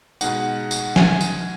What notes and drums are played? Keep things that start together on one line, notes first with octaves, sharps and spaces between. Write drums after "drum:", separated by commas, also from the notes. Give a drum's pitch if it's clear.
B2 G#3 D#4 F#5, drum: tambourine
drum: tambourine
G#5, drum: snare F#3
drum: tambourine